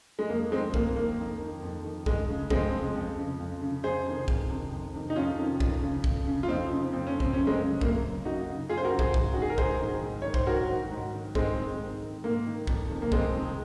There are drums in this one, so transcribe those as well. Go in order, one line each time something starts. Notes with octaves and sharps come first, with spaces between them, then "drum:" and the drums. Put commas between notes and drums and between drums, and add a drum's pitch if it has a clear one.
G#3
F2 A#3
D#3 G#3 C4
F2 A#3, drum: kick
D#3 A#3
F2
D#3
F2
D#3
F2 G#3, drum: kick
C#3
F2 G#3 C4, drum: kick
C#3
F2
C#3
F2
C#3
F2 G#4 C5
C3 D#3
F2, drum: kick
C3 D#3
F2
C3 D#3
D#4
F2 C#4 F4
C3 D#3
F2, drum: kick
C#3
F2, drum: kick
C#3
F4
F2 C4 D#4
C#3
F2 C4
C#4
C#3
C4, drum: kick
F#2 C#4
G#3 C4
C#3
F#2 A#3, drum: kick
C#3
F#2 D#4 F#4
C#3
F#2 F4 G#4
C5
F#4 A#4
C#3
G#4 C5, drum: kick
G#2, drum: kick
D#3 F#4
G#4
A#4
G#2 G#4 C5, drum: kick
D#3
G#2
D#3 C#5
C5, drum: kick
G#2 F#4 A#4
D#3
G#2
D#3
G#2 G#3 C4, drum: kick
D#3
G#2
D#3
G#2 A#3
D#3
F2, drum: kick
C3 D#3
A#3
F2 G#3 C4, drum: kick
C3 D#3